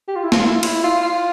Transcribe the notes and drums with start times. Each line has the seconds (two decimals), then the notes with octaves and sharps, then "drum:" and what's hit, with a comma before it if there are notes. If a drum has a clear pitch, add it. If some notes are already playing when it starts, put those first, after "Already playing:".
0.08 G4
0.16 F4
0.24 E4
0.32 F4, drum: snare
0.46 E4
0.54 F4
0.63 E4, drum: cymbal
0.84 F4
1.03 F4